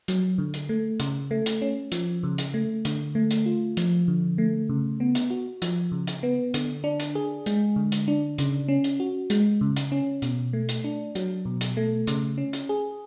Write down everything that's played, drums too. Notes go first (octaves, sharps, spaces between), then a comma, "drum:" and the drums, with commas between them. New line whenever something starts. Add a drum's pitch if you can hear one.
F#3, drum: hi-hat
D3
drum: hi-hat
A3
C#3, drum: hi-hat
A3
drum: hi-hat
C#4
F3, drum: hi-hat
C#3
drum: hi-hat
A3
D3, drum: hi-hat
A3
drum: hi-hat
F4
F3, drum: hi-hat
D3
A3
C#3
B3
drum: hi-hat
F#4
F3, drum: hi-hat
C#3
drum: hi-hat
B3
D3, drum: hi-hat
D4
drum: hi-hat
G#4
G#3, drum: hi-hat
D3
drum: hi-hat
D4
C#3, drum: hi-hat
C#4
drum: hi-hat
F#4
G#3, drum: hi-hat
C#3
drum: hi-hat
C#4
B2, drum: hi-hat
A3
drum: hi-hat
D4
F#3, drum: hi-hat
B2
drum: hi-hat
A3
C#3, drum: hi-hat
C#4
drum: hi-hat
G#4